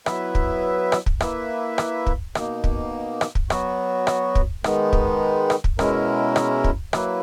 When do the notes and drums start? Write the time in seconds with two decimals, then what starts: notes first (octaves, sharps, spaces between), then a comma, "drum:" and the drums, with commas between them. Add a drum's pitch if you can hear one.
0.06 F#3 B3 E4 B4 E5, drum: rim click
0.35 drum: kick
0.92 drum: rim click
1.06 drum: kick
1.20 A#3 E4 B4 E5, drum: rim click
1.78 drum: rim click
2.07 drum: kick
2.35 B2 A#3 D#4, drum: rim click
2.64 drum: kick
3.21 drum: rim click
3.35 drum: kick
3.50 F#3 B3 F#4, drum: rim click
4.07 drum: rim click
4.35 drum: kick
4.64 D#3 G#3 B3 D#4, drum: rim click
4.93 drum: kick
5.50 drum: rim click
5.64 drum: kick
5.79 B2 G#3 C#4 E4 A#4, drum: rim click
6.36 drum: rim click
6.64 drum: kick
6.93 F#3 A#3 E4 B4, drum: rim click